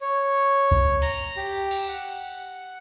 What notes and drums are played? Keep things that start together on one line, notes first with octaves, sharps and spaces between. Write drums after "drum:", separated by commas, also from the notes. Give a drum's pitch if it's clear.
C#5
drum: kick C2
A#5, drum: open hi-hat
G4
drum: cymbal
F#5